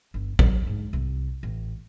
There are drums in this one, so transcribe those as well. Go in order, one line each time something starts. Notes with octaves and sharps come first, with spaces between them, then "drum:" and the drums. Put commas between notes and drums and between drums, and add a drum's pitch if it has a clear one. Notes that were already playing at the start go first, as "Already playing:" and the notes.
G1
D1 F#3, drum: kick A1
D2 G#2
C2
A1